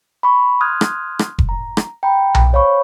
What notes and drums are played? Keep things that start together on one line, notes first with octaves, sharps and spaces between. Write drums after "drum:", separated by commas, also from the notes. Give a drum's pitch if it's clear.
B5 C#6
C6 D#6 F6 F#6 G#6
drum: rim click
drum: rim click
drum: kick F1
A#5
drum: rim click
G5 A#5 B5
drum: tom B1
C5 C#5 F5 B5 C#6